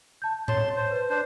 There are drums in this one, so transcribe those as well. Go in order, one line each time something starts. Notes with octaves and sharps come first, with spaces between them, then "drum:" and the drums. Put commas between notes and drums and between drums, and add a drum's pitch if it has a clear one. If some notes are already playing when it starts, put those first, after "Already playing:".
A5 G6
C#5 A5 C6, drum: tom A2
C5
B4
D4 C5